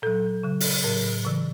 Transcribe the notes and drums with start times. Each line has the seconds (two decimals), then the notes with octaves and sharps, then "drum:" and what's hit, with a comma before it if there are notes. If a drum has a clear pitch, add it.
0.02 A#2 F#3 A4
0.43 C#3 F#3
0.60 drum: open hi-hat
0.84 A2 F#3 A#4
1.25 C#3 E3